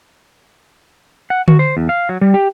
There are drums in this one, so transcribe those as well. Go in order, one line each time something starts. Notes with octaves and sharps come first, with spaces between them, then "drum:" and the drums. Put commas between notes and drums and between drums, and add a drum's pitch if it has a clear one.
F#5
F#4, drum: tom D3
C5
E2
F5
F#3
G3
G4